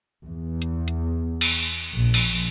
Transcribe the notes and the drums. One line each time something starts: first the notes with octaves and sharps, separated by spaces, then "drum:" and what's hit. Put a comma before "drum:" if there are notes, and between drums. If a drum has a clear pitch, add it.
E2
drum: hi-hat
drum: hi-hat
drum: cymbal
A#1
drum: cymbal
drum: hi-hat